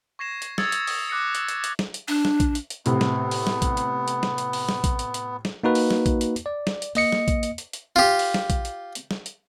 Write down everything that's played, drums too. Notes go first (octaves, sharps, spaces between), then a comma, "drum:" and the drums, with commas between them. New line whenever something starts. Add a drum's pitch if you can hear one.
C#6 G#6 A#6 C7 E7
drum: hi-hat
D#6 E6 G#6 A6 C#7, drum: snare
drum: hi-hat
D#6, drum: open hi-hat
D6 F#6 A#6 C#7
E6, drum: hi-hat
drum: hi-hat
drum: hi-hat
drum: snare
drum: hi-hat
D4, drum: open hi-hat
drum: snare
drum: kick A#1, hi-hat
drum: hi-hat
drum: hi-hat
A2 C3 B3, drum: hi-hat
drum: snare
drum: open hi-hat
drum: snare
drum: kick A#1, hi-hat
drum: hi-hat
drum: hi-hat
drum: snare
drum: hi-hat
drum: open hi-hat
drum: snare
drum: kick A#1, hi-hat
drum: hi-hat
drum: hi-hat
drum: snare
A#3 D#4 F#4 B4
drum: open hi-hat
drum: snare
drum: kick A#1, hi-hat
drum: hi-hat
drum: hi-hat
D5
drum: snare
drum: hi-hat
A#3 D#5 C#7, drum: open hi-hat
drum: snare
drum: kick A#1, hi-hat
drum: hi-hat
drum: hi-hat
drum: hi-hat
F4 G4
drum: open hi-hat
drum: snare
drum: kick A#1, hi-hat
drum: hi-hat
drum: hi-hat
drum: snare
drum: hi-hat